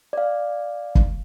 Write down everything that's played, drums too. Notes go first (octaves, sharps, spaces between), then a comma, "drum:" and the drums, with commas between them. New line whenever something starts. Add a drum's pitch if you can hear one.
D5 F5
drum: kick